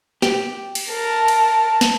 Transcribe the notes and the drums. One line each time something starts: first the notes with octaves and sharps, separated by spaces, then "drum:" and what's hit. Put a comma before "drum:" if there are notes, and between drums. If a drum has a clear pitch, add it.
G4, drum: snare
drum: cymbal
A#4 A5
drum: cymbal
drum: snare